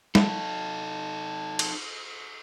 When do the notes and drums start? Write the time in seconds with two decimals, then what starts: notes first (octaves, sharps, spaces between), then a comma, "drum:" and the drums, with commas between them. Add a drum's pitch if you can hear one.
0.15 D#4 A4, drum: snare
1.59 drum: cymbal